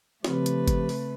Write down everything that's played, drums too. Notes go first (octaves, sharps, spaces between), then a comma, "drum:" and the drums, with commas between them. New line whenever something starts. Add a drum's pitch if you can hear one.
C#3 F3 A3 C4 G4 B4, drum: snare
drum: hi-hat
drum: kick G1, hi-hat
drum: open hi-hat